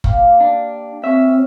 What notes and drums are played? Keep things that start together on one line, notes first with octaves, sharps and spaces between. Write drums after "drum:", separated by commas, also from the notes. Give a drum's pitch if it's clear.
A#3 G4 F5, drum: kick F#1
D4
C4 C#4 C#5 E5